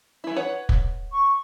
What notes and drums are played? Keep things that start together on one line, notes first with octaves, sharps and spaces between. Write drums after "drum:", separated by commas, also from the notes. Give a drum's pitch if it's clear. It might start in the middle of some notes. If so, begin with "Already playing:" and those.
E3 E4
B4 C#5 F#5
drum: kick
C#6